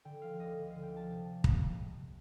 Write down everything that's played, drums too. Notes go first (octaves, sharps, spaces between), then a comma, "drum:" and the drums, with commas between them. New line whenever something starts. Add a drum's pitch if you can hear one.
D3 G5
F3 F5
D2 D#5
D2
D3 F5
G5
F3 A5
C3
drum: kick